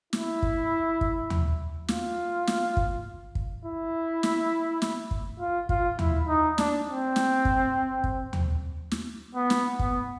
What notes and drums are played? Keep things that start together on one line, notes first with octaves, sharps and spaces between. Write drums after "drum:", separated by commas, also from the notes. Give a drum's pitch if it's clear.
E4, drum: snare
drum: kick
drum: kick
drum: tom D#2
F4, drum: snare
drum: snare
drum: kick
drum: kick
E4
drum: snare
drum: snare
drum: kick
F4
F4, drum: kick
E4, drum: tom D#2
D#4
D4, drum: snare
C4
drum: snare
drum: kick
drum: kick
drum: tom D#2
drum: snare
B3
drum: snare
B3, drum: kick